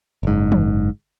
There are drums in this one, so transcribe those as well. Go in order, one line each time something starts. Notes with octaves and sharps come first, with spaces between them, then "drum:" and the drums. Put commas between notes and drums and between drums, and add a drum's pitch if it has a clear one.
F#1 G#2
drum: tom